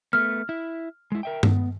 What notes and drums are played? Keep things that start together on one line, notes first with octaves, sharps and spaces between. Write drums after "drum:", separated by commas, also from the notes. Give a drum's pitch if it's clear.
A3 B3 F6
E4
G#3 E4
A#4 E5 G5
B3, drum: tom G2